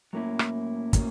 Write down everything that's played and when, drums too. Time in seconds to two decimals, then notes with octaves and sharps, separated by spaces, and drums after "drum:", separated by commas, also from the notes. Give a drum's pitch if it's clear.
0.13 A2 F#3 A#3 C#4 E4
0.39 drum: rim click
0.93 A2 F#3 A#3 C#4, drum: kick, hi-hat